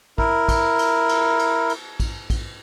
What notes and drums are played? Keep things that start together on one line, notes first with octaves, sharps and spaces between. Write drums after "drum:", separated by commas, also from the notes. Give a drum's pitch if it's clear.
E4 A#4, drum: kick
drum: kick, cymbal
drum: cymbal
drum: cymbal
drum: cymbal
drum: cymbal
drum: kick, cymbal
drum: kick, cymbal